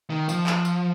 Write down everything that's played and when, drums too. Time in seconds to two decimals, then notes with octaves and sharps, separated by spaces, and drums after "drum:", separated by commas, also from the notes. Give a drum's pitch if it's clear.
0.10 D#3
0.29 F3, drum: tambourine
0.47 drum: clap
0.65 drum: tambourine